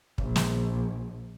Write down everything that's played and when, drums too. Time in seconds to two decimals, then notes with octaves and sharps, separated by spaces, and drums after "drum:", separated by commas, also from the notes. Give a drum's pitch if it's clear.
0.18 A#1, drum: kick
0.36 drum: snare